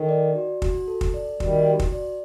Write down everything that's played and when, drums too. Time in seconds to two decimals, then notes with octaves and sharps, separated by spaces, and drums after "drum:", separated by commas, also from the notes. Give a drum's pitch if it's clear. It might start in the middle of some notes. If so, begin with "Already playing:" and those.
Already playing: D#3 A4
0.09 D5
0.35 F#4
0.62 F#4, drum: kick
0.88 A4
1.01 drum: kick
1.14 D5
1.40 D#3 G3 F#4, drum: kick
1.66 F#4
1.79 drum: kick
1.92 D5